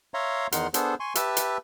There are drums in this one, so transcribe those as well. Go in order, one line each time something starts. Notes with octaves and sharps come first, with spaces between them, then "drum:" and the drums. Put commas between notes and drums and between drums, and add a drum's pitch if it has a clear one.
C#5 E5 F5 A#5 C6
E2 D#3 D#4 F#5 C6 F6, drum: hi-hat
B3 D4 G#4 A4 C5, drum: hi-hat
G#5 C6 C#6
G4 B4 E5 A5 E6, drum: hi-hat
drum: hi-hat